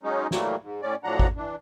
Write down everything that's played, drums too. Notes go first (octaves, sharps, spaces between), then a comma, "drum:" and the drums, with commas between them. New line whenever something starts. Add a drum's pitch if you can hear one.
F#3 G#3 C#4 D#4
E3 F#3 G3 A3 A#3, drum: snare
G#2
A2 C#4 D5
A2 F3 F#3 D4 F#5 A#5
drum: kick G#1
E3 D4